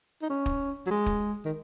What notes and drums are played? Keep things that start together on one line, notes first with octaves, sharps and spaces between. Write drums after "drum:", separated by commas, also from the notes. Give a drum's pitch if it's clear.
D#4
C#4
drum: kick
F#3
G#3
drum: kick
D#3